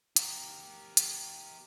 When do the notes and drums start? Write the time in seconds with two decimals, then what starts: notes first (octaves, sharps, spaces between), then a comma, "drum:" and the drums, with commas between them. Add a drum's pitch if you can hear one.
0.16 G4 A#4, drum: hi-hat
0.97 drum: hi-hat